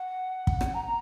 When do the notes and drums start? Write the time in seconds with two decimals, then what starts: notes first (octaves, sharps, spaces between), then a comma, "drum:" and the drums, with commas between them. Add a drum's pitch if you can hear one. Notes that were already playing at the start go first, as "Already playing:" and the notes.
Already playing: F#5
0.47 drum: kick
0.61 drum: rim click
0.74 A#5